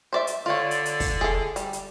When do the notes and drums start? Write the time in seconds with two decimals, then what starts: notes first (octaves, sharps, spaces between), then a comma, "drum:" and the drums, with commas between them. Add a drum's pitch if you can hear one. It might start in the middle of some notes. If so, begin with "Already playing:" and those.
0.13 C5 D5 E5
0.27 drum: hi-hat
0.46 D3 F4 C#5 D5
0.71 drum: hi-hat
0.85 drum: hi-hat
1.00 drum: kick, open hi-hat
1.21 G#4 A4
1.56 G3, drum: hi-hat
1.73 drum: hi-hat